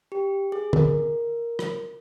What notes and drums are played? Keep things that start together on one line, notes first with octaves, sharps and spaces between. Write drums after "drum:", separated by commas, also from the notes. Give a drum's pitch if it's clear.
G4
G#4
A#4, drum: tom
drum: rim click